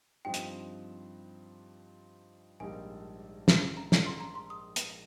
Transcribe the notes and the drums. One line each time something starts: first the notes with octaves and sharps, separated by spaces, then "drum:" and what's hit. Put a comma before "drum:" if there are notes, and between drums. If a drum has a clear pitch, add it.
G2 F3 C4 D#4 G5
drum: hi-hat
A#1 G#2 G3 A#3 D#4 G#5
drum: snare
A#5
A#5, drum: snare
C6
A#5
C6
D#6
drum: hi-hat